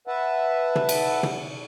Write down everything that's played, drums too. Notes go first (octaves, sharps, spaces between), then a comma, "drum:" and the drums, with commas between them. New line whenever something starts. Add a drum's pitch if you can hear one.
B4 E5 F#5 A5
drum: tom
drum: cymbal
drum: tom